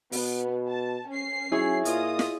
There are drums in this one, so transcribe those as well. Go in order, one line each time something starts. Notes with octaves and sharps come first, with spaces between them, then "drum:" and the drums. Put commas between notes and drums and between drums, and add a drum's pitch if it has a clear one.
B2 B3, drum: open hi-hat
A5
C#4 C7
F#3 E4 G#4 C#5
A#2 F4 D#5 D#6, drum: hi-hat
drum: snare